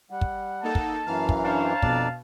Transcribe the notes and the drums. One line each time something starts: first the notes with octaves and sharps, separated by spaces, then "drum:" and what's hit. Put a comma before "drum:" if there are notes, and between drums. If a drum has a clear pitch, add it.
G3 F#5
drum: kick
A#3 D#4 A4 A5
drum: kick
F#2 E3 F5 A#5
drum: kick
D4 C5 C#5 F5 A5
F2 B2 D4 D5, drum: kick